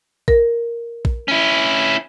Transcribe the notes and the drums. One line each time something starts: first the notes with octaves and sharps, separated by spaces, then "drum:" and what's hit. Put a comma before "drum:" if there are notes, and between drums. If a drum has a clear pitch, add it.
A#4, drum: kick A#1
drum: kick A#1
C#4 E4